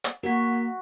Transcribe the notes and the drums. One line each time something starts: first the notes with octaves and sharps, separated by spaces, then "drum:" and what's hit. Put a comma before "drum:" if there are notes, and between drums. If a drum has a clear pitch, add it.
drum: hi-hat
A#3 F#4 A#4 B6